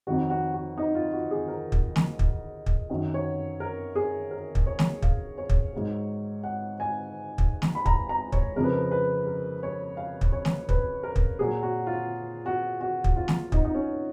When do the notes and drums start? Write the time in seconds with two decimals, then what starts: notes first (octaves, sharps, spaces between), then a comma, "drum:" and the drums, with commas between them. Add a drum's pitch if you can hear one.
0.07 F2 D#3 F#3 F#4
0.30 F#4
0.54 F#4
0.78 D#4
0.95 F4
1.12 F#4
1.31 G#4
1.48 A#4
1.72 drum: kick
1.96 drum: snare
2.19 drum: kick
2.66 drum: kick
2.90 F#2 D#3 F#3
3.14 C#5
3.60 A#4
3.96 G#4
4.31 A#4
4.55 drum: kick
4.67 C#5
4.79 drum: snare
5.02 F5, drum: kick
5.38 C#5
5.49 drum: kick
5.73 G#2 F#3
6.44 F#5
6.80 G#5
7.38 drum: kick
7.62 drum: snare
7.75 B5
7.86 A#5, drum: kick
8.09 A#5
8.32 C#5, drum: kick
8.56 F2 C#3 F3 A#4
8.64 B4
8.72 A#4
8.91 B4
9.27 A#4
9.63 C#5
9.97 F5
10.21 drum: kick
10.32 C#5
10.45 drum: snare
10.69 B4, drum: kick
11.03 A#4
11.16 drum: kick
11.39 A#2 F#3 G#4
11.62 F#4
11.87 F4
12.46 F#4
12.81 F#4
13.04 drum: kick
13.16 F4
13.28 drum: snare
13.52 D#4, drum: kick
13.65 D#4
13.75 C#4